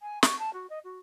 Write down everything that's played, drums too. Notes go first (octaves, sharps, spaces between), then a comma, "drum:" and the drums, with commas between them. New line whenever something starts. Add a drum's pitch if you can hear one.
G#5
C#6, drum: snare
A5
F#4
D#5
F#4